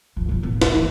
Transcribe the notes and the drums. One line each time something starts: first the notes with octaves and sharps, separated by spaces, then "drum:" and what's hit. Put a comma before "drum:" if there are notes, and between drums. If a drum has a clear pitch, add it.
G2 F3
D#1 F4
A2 B3
D#2 G#2, drum: snare
G1 E3